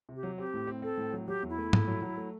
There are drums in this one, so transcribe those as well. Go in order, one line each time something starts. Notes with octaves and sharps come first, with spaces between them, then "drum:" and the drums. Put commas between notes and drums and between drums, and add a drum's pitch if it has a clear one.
C3
G4
F#3
C4 G4
A2
C4
C4 A4
A2
F#3
F#3 G4
E2
E4
A3
A3, drum: tom G#2
F#3
F#3
A3